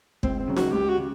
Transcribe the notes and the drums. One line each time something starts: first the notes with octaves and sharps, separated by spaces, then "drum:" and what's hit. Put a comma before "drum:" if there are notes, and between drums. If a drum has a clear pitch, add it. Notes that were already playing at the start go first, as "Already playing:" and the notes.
C#2 C4, drum: kick
C4
C#3 F#3
F#4, drum: snare D#4
C#2 G4
F#4
C#3